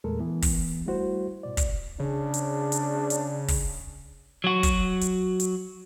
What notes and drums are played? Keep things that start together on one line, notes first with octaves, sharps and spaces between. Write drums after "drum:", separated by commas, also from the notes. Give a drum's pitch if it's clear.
E2 A#2 G#3 A3 A4 A#4
E3 B3
drum: kick, open hi-hat
G3 A3 E4 F#4 C5
G#2 B2 D5
drum: kick, hi-hat
C#3 D4
drum: hi-hat
drum: hi-hat
drum: hi-hat
drum: kick, open hi-hat
F#3 F#4
drum: kick, hi-hat
drum: hi-hat
drum: hi-hat